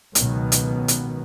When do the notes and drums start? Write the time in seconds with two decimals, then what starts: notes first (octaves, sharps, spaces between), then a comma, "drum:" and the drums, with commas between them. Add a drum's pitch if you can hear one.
0.15 C#2 B2 D#3 F#3 B3, drum: hi-hat
0.52 drum: hi-hat
0.88 drum: hi-hat